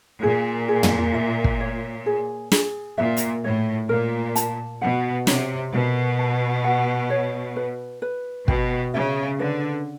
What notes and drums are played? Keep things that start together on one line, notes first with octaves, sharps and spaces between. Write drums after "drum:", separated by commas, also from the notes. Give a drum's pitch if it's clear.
A#2 G#4
G#4
drum: tom
E5
drum: kick
C#5
G#4
G#4, drum: snare
A#2 E5
drum: hi-hat
A2 C#5
A#2 A#4
A5, drum: hi-hat
B2 F#5
C3 C#5, drum: snare
B2 A#4
A5
F#5
C#5
B4
B4
B2 G5, drum: kick
C#3 E5
D3 B4